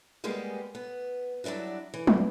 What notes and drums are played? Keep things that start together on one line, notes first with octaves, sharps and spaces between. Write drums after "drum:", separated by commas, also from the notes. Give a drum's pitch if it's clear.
G3 G#3 A#3 B3 G4 G#4
B3
F#3 G3 D4 E4 F#4
E3
drum: tom